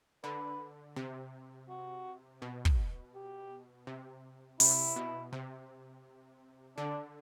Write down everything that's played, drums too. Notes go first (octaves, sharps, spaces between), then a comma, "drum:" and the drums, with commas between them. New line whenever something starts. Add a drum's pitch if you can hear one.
D3 B4
C3
F#4
B2
drum: kick
G4
C3
C3 E4, drum: open hi-hat
B2
C3
D3 D4